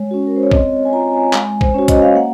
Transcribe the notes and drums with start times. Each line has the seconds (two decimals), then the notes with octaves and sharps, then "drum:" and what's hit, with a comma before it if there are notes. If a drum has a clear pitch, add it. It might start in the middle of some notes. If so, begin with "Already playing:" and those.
Already playing: G#3 C#5
0.11 C#4 F#4
0.27 A#4
0.36 C5
0.43 C#5
0.51 C4 D#5, drum: kick
0.85 G#5
0.92 F4 A#5
1.13 G#5
1.33 G#3, drum: clap
1.61 C5, drum: kick
1.74 C#4 F#4 C#5
1.88 D#5, drum: kick, hi-hat
2.02 F5
2.15 A#3 F#5